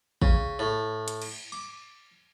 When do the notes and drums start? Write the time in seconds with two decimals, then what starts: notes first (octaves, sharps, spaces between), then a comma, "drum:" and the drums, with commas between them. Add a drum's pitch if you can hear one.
0.22 C#3, drum: kick
0.59 A2
1.08 drum: hi-hat
1.22 drum: cymbal
1.52 D6